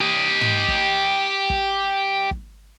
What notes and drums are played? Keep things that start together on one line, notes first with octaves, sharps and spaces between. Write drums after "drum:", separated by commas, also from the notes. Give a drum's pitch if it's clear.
G4 D#5
drum: tom
drum: kick
drum: kick
drum: kick